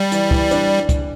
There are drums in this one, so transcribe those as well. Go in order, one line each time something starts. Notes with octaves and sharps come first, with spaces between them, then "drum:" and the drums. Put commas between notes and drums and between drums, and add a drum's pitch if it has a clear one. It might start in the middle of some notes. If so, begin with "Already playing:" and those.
Already playing: G3
E3, drum: hi-hat
E3, drum: kick
D4, drum: hi-hat
drum: kick, hi-hat